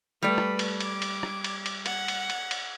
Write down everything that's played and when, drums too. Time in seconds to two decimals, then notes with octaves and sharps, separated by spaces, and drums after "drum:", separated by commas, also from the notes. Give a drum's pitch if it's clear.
0.23 G3 A3 B4 D5
0.38 drum: rim click
0.59 drum: cymbal
0.80 D6, drum: cymbal
1.02 drum: cymbal
1.23 drum: rim click
1.44 drum: cymbal
1.66 drum: cymbal
1.86 F#5, drum: cymbal
2.08 drum: cymbal
2.30 drum: cymbal
2.51 drum: cymbal